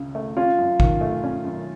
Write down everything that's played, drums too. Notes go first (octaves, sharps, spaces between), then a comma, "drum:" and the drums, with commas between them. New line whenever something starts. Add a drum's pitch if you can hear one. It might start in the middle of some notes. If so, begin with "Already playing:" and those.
Already playing: C#2 C#3
A3
C#4 F4
F#2
D#3, drum: kick G#1
A3
C#4
F#2